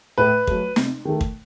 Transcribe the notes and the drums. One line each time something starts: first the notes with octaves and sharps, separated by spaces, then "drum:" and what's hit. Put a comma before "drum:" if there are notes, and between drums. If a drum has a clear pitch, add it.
A2 B4
F#3 A3, drum: kick
C3, drum: snare
D#3 A3
drum: kick